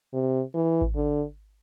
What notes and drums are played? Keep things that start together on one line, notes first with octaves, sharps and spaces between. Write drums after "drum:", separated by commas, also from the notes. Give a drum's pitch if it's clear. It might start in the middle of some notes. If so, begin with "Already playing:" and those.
C3
E3
drum: kick G#1
D3